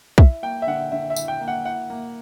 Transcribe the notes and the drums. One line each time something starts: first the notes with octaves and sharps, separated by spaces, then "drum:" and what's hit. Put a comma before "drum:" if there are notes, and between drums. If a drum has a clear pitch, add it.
E4 E5, drum: kick
A#3 G5
E5
D3 F#5
D3 E5
E5
E4, drum: tambourine
G5
A#3
F#5
E4 F#5
A#3